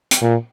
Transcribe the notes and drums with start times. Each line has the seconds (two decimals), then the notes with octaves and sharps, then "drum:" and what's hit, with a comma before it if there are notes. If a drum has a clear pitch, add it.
0.11 drum: hi-hat
0.22 A#2